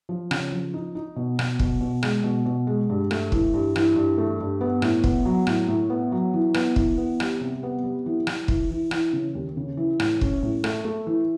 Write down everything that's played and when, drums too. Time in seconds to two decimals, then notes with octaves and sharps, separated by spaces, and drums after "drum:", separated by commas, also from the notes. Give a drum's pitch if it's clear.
0.09 F3
0.31 C#3, drum: rim click
0.52 F3
0.74 D#4
0.95 D#4
1.16 B2
1.39 B2, drum: rim click
1.59 B2, drum: kick
1.81 B2
2.03 G#3, drum: rim click
2.24 B2
2.46 B2
2.67 G#3
2.89 G2
3.11 A3, drum: rim click
3.32 E3, drum: kick
3.54 G2
3.76 E3, drum: rim click
3.96 G2
4.18 A3
4.40 G2
4.61 B3
4.82 A2, drum: rim click
5.04 B3, drum: kick
5.25 F#3
5.47 A2, drum: rim click
5.68 A2
5.90 B3
6.12 F#3
6.34 E3
6.54 B3, drum: rim click
6.76 E3, drum: kick
6.98 B3
7.20 G3, drum: rim click
7.41 C3
7.63 B3
7.84 G3
8.06 E3
8.27 E3, drum: rim click
8.48 E3, drum: kick
8.71 E3
8.91 E3, drum: rim click
9.13 C#3
9.35 D#2
9.57 C#3
9.77 E3
10.00 A2, drum: rim click
10.21 C#4, drum: kick
10.43 A2
10.64 A3, drum: rim click
10.85 A3
11.07 E3